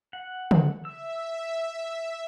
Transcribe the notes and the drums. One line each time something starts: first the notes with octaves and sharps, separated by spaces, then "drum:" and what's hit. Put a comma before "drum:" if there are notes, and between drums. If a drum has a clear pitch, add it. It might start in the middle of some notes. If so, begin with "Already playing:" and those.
F#5
drum: tom
E5 E6